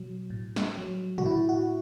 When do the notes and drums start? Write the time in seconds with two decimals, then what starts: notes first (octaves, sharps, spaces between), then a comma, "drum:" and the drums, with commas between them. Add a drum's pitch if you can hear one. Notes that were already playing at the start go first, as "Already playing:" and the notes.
Already playing: B2 F#3
0.30 A2
0.56 drum: snare
0.78 F#3
1.18 F#4, drum: tom A2
1.26 A2 E4
1.49 F#4